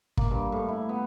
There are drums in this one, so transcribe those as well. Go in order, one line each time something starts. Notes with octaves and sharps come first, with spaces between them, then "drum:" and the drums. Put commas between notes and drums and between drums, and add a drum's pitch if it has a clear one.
A#3, drum: kick
G2
A2
E4
B3